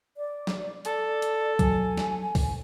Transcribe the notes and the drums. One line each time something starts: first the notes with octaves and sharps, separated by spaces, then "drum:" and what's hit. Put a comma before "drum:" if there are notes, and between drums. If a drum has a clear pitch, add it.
D5
drum: snare
A4 D5, drum: hi-hat
drum: hi-hat
F#3 G#5, drum: kick C2, hi-hat
drum: snare
drum: kick C2, open hi-hat